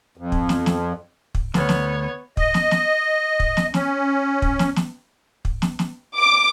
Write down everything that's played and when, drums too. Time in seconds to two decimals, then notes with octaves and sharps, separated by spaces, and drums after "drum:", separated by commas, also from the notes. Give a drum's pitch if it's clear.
0.17 F2
0.32 drum: kick
0.49 drum: snare
0.66 drum: snare
1.35 drum: kick
1.54 D2 B3 C#5, drum: snare
1.69 drum: snare
2.37 D#5, drum: kick
2.54 drum: snare
2.71 drum: snare
3.40 drum: kick
3.57 drum: snare
3.74 C#4, drum: snare
4.42 drum: kick
4.59 drum: snare
4.76 drum: snare
5.45 drum: kick
5.62 drum: snare
5.79 drum: snare
6.17 D6